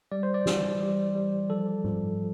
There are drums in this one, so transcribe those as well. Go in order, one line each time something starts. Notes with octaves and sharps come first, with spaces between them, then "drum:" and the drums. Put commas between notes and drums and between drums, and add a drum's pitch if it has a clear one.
G3 D5
C5
D5
E3, drum: snare
G3
G3
F3 A4
F3, drum: tom G#2